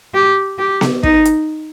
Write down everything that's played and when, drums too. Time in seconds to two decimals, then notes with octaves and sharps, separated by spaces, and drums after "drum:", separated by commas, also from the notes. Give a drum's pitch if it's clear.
0.14 G4
0.59 G4
0.81 drum: snare B3
1.03 D#4, drum: kick
1.25 drum: hi-hat